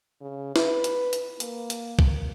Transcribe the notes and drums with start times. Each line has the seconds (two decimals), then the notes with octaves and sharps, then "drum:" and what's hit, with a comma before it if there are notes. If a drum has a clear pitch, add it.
0.20 C#3
0.56 B4, drum: snare
0.84 drum: hi-hat
1.13 drum: hi-hat
1.40 A#3, drum: hi-hat
1.70 drum: hi-hat
1.99 drum: kick C2